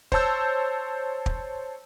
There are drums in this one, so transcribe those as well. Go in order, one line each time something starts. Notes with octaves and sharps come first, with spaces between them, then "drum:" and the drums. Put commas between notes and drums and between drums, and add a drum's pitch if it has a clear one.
C5 C#5 A5 E6 G6, drum: kick
drum: kick